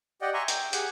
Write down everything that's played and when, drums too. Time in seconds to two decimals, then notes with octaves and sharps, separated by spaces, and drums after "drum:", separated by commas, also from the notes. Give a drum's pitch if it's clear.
0.22 G4 D5 D#5 F#5 G5
0.34 E5 G#5 A#5 C6 C#6
0.48 G5, drum: hi-hat
0.73 G4 G#4 F#5, drum: hi-hat